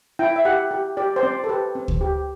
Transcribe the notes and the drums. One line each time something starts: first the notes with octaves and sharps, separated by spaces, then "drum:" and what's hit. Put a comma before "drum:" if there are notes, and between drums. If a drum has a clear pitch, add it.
E4 G5
E5
G4 F#5
G4
G4 D5
C5
C4 D5
A4
G4 B4
C4
drum: kick
G4